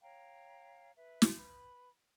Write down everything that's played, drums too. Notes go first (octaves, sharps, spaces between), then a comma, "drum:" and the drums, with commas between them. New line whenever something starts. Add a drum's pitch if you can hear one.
C#5 F5 G5 A#5
B4 E5
drum: snare
B4 B5